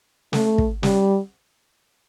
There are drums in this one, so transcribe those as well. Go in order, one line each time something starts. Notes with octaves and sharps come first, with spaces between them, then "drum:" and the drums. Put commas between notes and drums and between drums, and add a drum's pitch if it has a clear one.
A3, drum: snare
drum: kick
G3, drum: snare